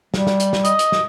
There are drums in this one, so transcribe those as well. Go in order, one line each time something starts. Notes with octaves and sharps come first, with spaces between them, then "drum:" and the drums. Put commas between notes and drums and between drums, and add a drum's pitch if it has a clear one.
G3, drum: snare
drum: snare
drum: hi-hat
drum: snare
D#5, drum: hi-hat
drum: hi-hat
drum: snare